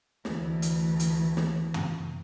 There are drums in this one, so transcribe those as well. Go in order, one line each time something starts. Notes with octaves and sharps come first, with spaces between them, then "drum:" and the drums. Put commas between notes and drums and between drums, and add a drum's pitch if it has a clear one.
D2 E3, drum: snare
drum: hi-hat
drum: hi-hat
drum: snare
drum: tom